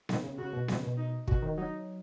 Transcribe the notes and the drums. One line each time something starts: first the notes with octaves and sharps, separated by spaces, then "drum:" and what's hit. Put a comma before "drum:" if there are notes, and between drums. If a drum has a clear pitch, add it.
D#3, drum: snare B3
C#3
C#3 F#4
B2
C#3, drum: snare B3
B2
D#4
B2 F#4, drum: kick
D#3
F#3 D#4